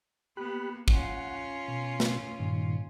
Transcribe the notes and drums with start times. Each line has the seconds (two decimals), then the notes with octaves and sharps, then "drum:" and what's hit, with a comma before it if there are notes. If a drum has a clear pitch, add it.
0.37 A#3 B3 G4 B5 F#6
0.88 C#4 F4 F#5, drum: kick
1.68 B2
2.00 drum: snare
2.39 G2 A#2 D#3